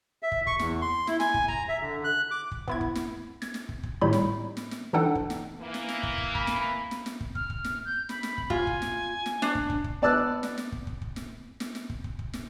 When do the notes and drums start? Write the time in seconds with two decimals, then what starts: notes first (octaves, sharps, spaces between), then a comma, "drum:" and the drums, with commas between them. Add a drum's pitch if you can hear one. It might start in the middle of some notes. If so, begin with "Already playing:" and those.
0.23 E5
0.32 drum: kick
0.47 C#6, drum: kick
0.59 E2, drum: snare
0.81 C6
1.07 E4, drum: snare
1.20 G#5, drum: snare
1.34 drum: kick
1.48 A#5, drum: kick
1.69 E5
1.82 D3
2.04 F#6
2.31 D6
2.51 drum: kick
2.68 B3 E4 G#6, drum: kick
2.81 drum: kick
2.95 drum: snare
3.42 G#6, drum: snare
3.54 drum: snare
3.69 drum: kick
3.83 drum: kick
4.01 G#1 A2 G3 D#4 C#5 B5
4.13 drum: snare
4.57 drum: snare
4.71 drum: snare
4.93 E3 D4 D#4 A4 F#5 G5
5.15 drum: kick
5.30 drum: snare
5.60 E3 A#3
5.74 drum: snare
5.89 drum: snare
6.03 drum: kick
6.18 drum: kick
6.35 B5, drum: kick
6.47 drum: snare
6.91 drum: snare
7.06 drum: snare
7.20 drum: kick
7.35 F6, drum: kick
7.50 drum: kick
7.64 drum: snare
7.85 G6
8.09 B5, drum: snare
8.23 drum: snare
8.38 drum: kick
8.50 F4 G#5, drum: kick
8.67 drum: kick
8.82 drum: snare
9.26 drum: snare
9.42 D4, drum: snare
9.55 drum: kick
9.70 drum: kick
9.84 drum: kick
10.02 B3 D5 A5 E6 F#6
10.43 drum: snare
10.58 drum: snare
10.72 drum: kick
10.87 drum: kick
11.02 drum: kick
11.16 drum: snare
11.60 drum: snare
11.75 drum: snare
11.89 drum: kick
12.04 drum: kick
12.19 drum: kick
12.33 drum: snare